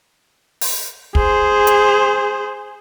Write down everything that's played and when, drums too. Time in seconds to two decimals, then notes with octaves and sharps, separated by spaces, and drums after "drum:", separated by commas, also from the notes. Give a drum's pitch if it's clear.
0.61 drum: open hi-hat
1.15 G#4 C5, drum: kick
1.67 drum: hi-hat